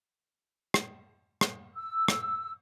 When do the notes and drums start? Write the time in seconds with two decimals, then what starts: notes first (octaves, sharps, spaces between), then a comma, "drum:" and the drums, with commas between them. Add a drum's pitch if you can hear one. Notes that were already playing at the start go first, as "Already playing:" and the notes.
0.74 drum: rim click
1.41 drum: rim click
1.75 E6
2.08 drum: rim click